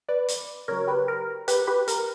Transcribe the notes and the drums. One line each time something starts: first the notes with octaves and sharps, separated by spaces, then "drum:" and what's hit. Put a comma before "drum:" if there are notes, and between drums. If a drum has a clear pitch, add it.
B4 D5
drum: hi-hat
C#3 F#3 A#4 C#5
G4 B4
A#4
G4 B4, drum: hi-hat
G4 B4
A#4, drum: hi-hat